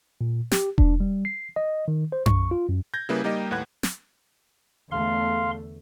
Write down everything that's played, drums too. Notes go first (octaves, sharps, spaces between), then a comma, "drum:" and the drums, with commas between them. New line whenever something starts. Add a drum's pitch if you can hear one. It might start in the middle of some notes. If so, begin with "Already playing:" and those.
A#2
G4, drum: snare
D4, drum: kick E1
G3
C7
D#5
D#3
C5
C#6, drum: tom F#2
F4
F#2
G6 G#6 A#6
C#3 G3 A#3 E4 G#4 B4
G3 A#3 D#4 G4 D#5 G5
D#2 A2 B4 F#5 F#6 G#6
drum: snare
E2 D3 A3 F5 C6